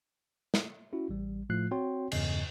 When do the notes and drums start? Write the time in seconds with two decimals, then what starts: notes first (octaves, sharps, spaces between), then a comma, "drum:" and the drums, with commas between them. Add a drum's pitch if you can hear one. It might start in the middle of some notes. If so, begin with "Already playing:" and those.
0.54 drum: snare
0.93 C#4 E4 F#4
1.09 A1 G3
1.50 A2 F3 A3 F4 F#6 C7
1.71 C4 F#4 C#5 G5 C6
2.11 E2 G2 C#3 D#5 G#5 C7, drum: cymbal